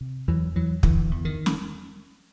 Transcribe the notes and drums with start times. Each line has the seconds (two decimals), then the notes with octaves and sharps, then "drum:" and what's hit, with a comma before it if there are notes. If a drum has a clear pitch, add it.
0.01 C3
0.28 E2 E3 F#3
0.55 E2 E3 F#3
0.83 E2 D3 E3, drum: kick
1.11 E2
1.25 D#3
1.46 drum: snare